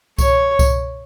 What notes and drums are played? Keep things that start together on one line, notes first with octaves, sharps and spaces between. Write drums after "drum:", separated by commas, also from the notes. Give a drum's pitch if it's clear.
C#5, drum: kick C2, tambourine
drum: kick C2, tambourine